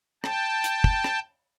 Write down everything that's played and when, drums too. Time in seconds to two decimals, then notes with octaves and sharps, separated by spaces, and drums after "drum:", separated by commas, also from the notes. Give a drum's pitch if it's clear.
0.24 G5 A5, drum: rim click
0.64 drum: hi-hat
0.84 drum: kick
1.04 drum: rim click